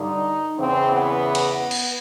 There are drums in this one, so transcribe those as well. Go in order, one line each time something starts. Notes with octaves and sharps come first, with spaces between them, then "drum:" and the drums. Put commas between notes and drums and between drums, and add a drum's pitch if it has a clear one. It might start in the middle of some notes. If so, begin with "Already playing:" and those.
Already playing: G2 D3 D#4
E2 C#3 E3 C4
B3
drum: cymbal
B3
drum: cymbal